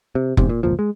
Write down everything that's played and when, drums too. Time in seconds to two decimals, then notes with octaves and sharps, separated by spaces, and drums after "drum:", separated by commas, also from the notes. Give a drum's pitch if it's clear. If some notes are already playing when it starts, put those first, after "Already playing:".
0.15 C3
0.37 E1 E2 G#2 C3, drum: kick F1
0.49 A#2
0.63 G1 C#2 A#2 F3
0.79 G#3